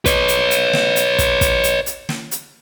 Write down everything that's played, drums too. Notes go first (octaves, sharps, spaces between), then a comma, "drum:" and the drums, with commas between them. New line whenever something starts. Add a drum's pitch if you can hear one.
B4 C#5, drum: kick, hi-hat
drum: hi-hat
drum: hi-hat
drum: snare
drum: hi-hat
drum: kick, hi-hat
drum: kick, hi-hat
drum: hi-hat
drum: hi-hat
drum: snare
drum: hi-hat